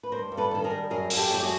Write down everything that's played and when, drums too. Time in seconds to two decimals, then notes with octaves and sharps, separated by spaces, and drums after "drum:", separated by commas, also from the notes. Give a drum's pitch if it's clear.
0.03 B4
0.12 G2 A#4 C5
0.32 G2
0.37 A4 B4
0.51 D#3 A4
0.64 G#4 A#4
0.71 G3
0.90 F#2 G#4 A#4
1.10 F#2, drum: open hi-hat
1.17 G4 A4
1.30 F#2 G4
1.43 F#4 G#4